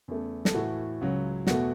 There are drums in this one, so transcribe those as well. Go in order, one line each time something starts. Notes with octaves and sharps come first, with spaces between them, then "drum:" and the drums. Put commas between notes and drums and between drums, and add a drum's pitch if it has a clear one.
E2 C#3 A3
A4, drum: snare
A2 E3 A3 F#4
C#2 C#3 F#3
E2 B2 A3 F#4, drum: snare